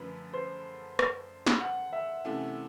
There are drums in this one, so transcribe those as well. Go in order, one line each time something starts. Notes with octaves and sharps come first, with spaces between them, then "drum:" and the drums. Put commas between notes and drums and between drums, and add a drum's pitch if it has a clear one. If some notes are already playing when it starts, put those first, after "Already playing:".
Already playing: F#2 D3 F3 A3 C#4 B4
C5
drum: rim click
drum: snare
F#5
E5
C3 E3 A3 C#4